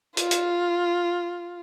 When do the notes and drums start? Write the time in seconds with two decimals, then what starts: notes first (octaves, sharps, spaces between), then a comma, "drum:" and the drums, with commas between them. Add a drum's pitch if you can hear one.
0.17 F4, drum: hi-hat
0.31 drum: hi-hat